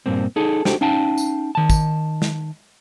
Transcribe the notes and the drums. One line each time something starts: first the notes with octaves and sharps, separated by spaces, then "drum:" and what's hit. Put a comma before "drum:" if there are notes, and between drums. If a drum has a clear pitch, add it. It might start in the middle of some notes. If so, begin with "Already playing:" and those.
G2 A#2 A#3 C4
D#4 G#4 A4
D4 F#4 G4 A4 C5, drum: snare
C#4 D#4 F5 G5 A5
drum: tambourine
D#3 A5
drum: kick, tambourine
drum: snare